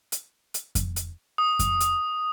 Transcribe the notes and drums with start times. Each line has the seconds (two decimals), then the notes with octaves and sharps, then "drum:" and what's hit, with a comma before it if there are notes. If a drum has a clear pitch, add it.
0.12 drum: hi-hat
0.54 drum: hi-hat
0.75 drum: kick F2, hi-hat
0.96 drum: hi-hat
1.38 D#6
1.59 drum: kick F2, hi-hat
1.80 drum: hi-hat